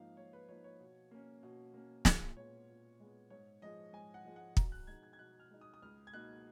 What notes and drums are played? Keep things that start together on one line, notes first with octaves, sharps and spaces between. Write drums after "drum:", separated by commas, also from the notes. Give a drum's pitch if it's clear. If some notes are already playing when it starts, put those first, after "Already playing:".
Already playing: G#2 F3 A#3 D#4 F5
G#2 C#5
B4
F3 A#3 D#4 C#5
C#5
B2
A#3 C#4
B2
A#3 C#4
A#2, drum: snare
G#3 B3 C#5
A#2
G#3 B3
G#2 C#5
F3 G#3 D#5
G#2 G#5
F#5
F3 G#3
F#5
B2 A#5, drum: kick
F#6
G#3 D#4 G#6
G#6
G#6
B2 F#6
F6
G#3 D#4
D#6
D#6
C#2 F6
G#6
B2 A#3 D#4 F#6